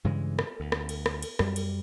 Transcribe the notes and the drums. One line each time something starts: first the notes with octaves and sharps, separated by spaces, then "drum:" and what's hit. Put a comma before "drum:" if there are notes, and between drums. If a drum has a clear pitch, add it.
G2 C#3 E3 G#3
drum: rim click
D2
drum: rim click
drum: cymbal
drum: rim click
drum: cymbal
F#2 G3, drum: rim click
drum: cymbal